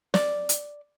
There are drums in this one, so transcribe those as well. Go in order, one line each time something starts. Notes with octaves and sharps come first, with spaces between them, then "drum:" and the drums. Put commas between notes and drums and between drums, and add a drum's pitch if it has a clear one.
D5, drum: snare
drum: hi-hat